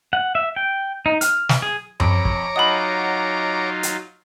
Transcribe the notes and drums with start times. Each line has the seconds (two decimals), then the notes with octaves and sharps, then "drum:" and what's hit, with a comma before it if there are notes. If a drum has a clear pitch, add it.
0.13 F#5
0.35 E5
0.56 G5
1.06 D#4
1.21 F6, drum: hi-hat
1.49 drum: snare
1.62 G#4
2.00 F2 C#5 A#5 B5 D6 D7, drum: tom F#2
2.25 drum: kick
2.56 F#3 D#4 F4 D#5 F#5 G#5 B5 D#6
3.83 drum: hi-hat